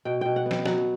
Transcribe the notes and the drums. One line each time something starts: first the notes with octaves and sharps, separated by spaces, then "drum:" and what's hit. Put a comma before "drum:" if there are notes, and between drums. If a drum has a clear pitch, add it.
B2 G5
B2 G5
F#5
B3
G5, drum: snare
F#3 F#5, drum: snare